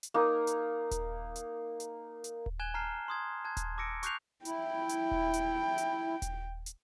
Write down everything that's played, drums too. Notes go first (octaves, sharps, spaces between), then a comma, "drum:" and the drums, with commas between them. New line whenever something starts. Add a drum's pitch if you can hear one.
drum: hi-hat
A#3 D#4
drum: hi-hat
drum: kick D#1, hi-hat
drum: hi-hat
drum: hi-hat
drum: hi-hat
drum: kick D#1
G#5 F#6 G#6 E7 G7
A5 A#5 F6 C7
C6 D#6 G#6
A5 F#6 G#6
drum: kick D#1, hi-hat
A5 D6 E6 A#6 C#7 D7
C#6 D6 F#6 G6 C7 F7, drum: hi-hat
E4 G5, drum: hi-hat
drum: hi-hat
drum: kick D#1
drum: hi-hat
drum: hi-hat
drum: kick D#1, hi-hat
drum: hi-hat